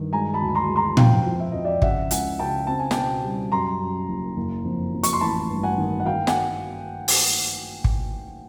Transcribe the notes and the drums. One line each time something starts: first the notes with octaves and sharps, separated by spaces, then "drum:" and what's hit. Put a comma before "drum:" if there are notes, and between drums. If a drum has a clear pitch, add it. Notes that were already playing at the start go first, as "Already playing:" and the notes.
Already playing: G2 D#3
G#3 G#5 A#5
A5 B5
D2
B5
A#5 C6
G#3
A#5 C6
F2 F5 G5, drum: tom A#2
F3
E5
F2 D#5
D5 E5
C#3 E5 F#5, drum: kick
C#2 F#5 G#5, drum: hi-hat
C#3 G5 A5
C4 A5
G#5
B2 G5 A5, drum: snare
G3
F#2 A#5 C6
F#2
F#1
F#1
F2
F2
C#6, drum: hi-hat
C6
A1 A5 B5
G2
F#5 G#5
D#3
F#5
D#3 F5 G5
F#5 G#5, drum: snare
drum: open hi-hat
drum: kick